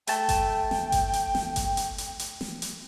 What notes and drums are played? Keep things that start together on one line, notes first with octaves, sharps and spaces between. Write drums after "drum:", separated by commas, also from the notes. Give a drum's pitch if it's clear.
A3 G5 A5, drum: hi-hat
drum: kick G1, hi-hat
drum: snare
drum: kick G1, hi-hat
drum: hi-hat
drum: snare
drum: kick G1, hi-hat
drum: hi-hat
drum: hi-hat
drum: hi-hat
drum: snare
drum: hi-hat